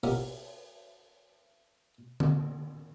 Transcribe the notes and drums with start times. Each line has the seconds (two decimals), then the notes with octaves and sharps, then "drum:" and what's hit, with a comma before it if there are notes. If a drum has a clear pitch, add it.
0.03 B3 C#4 E4 F4 G4 A#4, drum: open hi-hat
2.20 drum: tom D3